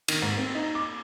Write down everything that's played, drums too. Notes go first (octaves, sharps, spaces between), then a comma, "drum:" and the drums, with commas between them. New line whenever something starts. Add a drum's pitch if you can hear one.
D#3, drum: cymbal
G#2
C4
D#4
D6